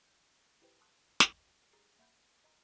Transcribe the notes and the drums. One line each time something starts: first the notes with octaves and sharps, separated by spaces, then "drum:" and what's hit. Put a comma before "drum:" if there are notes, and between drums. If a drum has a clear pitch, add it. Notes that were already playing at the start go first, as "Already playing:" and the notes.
G6
E4 G4 B4 C5 G5
A5 C6 C#6 D#6 E6 F#6
drum: snare
G4 G#4 A#5 A6 C7
A#3 E5 F#5 B5 G6
D#5 A#5